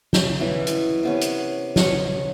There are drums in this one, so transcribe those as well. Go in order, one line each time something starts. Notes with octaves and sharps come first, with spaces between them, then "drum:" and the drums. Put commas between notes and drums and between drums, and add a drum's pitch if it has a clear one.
C#3 G5, drum: snare
B2 E3 C#4 E4
drum: hi-hat
C3 B3 C#4
drum: hi-hat
C#4 G#4 F#5, drum: snare